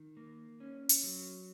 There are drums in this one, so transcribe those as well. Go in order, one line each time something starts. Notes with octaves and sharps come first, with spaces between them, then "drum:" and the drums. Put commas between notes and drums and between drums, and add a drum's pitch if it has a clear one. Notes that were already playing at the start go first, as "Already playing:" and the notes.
Already playing: D#3
A#3
C#4
drum: hi-hat
F#3